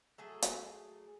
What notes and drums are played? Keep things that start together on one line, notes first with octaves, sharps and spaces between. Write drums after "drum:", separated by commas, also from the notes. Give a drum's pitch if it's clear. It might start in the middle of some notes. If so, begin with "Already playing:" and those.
F#3 A3 G#4 A4
drum: hi-hat